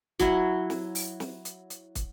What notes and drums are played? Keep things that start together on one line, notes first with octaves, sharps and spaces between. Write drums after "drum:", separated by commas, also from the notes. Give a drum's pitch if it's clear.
F#3 E4, drum: kick, hi-hat
drum: snare
drum: open hi-hat
drum: snare
drum: hi-hat
drum: hi-hat
drum: kick, hi-hat